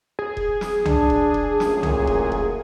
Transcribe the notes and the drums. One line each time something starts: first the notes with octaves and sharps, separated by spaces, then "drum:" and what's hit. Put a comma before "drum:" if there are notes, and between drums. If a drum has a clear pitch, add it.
G#4
drum: kick E1
drum: snare
D4, drum: tom C2
drum: kick E1
drum: kick E1
A1 F#2 A#2, drum: snare
drum: tom C2
drum: kick E1
drum: kick E1